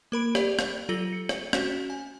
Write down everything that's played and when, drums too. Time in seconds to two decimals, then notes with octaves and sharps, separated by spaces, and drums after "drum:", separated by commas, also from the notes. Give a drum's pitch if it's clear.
0.12 A#3 A#4 B5 D7
0.35 G4 D5, drum: rim click
0.59 drum: rim click
0.89 F#3 F4 A4 A#6 F#7
1.13 C#7
1.29 drum: rim click
1.53 C#4 F#4, drum: rim click
1.90 G#5